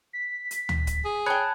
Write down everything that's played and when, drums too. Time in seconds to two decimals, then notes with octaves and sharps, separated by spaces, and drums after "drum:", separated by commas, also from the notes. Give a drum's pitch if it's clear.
0.13 B6
0.51 drum: hi-hat
0.69 drum: tom D2
0.87 drum: kick, hi-hat
1.05 G#4
1.26 C#5 G5 A5 B5 F#6 G#6